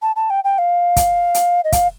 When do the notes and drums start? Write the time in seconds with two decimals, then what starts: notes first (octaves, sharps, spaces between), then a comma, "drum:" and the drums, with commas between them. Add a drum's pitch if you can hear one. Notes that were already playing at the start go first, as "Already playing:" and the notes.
0.02 A5
0.16 A5
0.30 G5
0.44 G5
0.58 F5
0.96 drum: kick, hi-hat
1.34 drum: hi-hat
1.64 D#5
1.72 F5, drum: kick, hi-hat